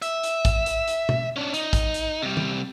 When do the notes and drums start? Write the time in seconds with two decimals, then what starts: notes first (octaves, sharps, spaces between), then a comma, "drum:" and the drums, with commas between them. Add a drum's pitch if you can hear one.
0.02 E5, drum: hi-hat
0.23 drum: hi-hat
0.45 drum: kick A1, hi-hat
0.66 drum: hi-hat
0.88 drum: hi-hat
1.09 drum: tom
1.36 C#4 D4
1.54 D#4, drum: hi-hat
1.73 drum: kick A1, hi-hat
1.94 drum: hi-hat
2.22 C3 G3
2.37 drum: tom